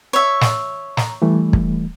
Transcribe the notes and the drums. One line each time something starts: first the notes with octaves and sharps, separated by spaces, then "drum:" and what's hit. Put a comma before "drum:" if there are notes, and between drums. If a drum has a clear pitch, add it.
C#5 E5
drum: snare
A#5, drum: snare
E3 G3 A3
drum: kick